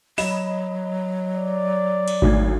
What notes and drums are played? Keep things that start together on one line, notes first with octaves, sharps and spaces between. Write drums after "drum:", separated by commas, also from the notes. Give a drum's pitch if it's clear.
F#3 D#5 B5 E7, drum: open hi-hat
D5
drum: cymbal
G#1 D2 G#6, drum: kick G#1